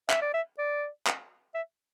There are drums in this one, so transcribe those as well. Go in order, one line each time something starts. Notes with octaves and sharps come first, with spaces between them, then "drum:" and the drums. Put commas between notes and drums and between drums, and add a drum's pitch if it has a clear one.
E5, drum: clap
D5
E5
D5
drum: clap
E5